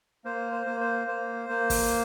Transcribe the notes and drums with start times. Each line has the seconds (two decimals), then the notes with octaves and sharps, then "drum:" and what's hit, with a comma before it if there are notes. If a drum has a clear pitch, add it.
0.25 A#3 C5
0.53 C5
0.66 A#3
0.80 C5
1.07 A#3 C5
1.49 A#3
1.70 drum: kick, open hi-hat